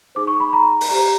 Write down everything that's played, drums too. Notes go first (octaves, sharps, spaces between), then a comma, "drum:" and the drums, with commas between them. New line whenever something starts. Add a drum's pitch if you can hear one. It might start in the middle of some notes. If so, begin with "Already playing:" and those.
D#4 G#4 C5 D6
C#6
B5
A#5
drum: open hi-hat
G4 C5 A#5